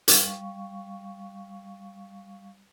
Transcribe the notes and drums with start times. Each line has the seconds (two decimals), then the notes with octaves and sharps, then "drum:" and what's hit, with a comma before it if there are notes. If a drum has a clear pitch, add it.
0.08 G3 F5 C#6, drum: hi-hat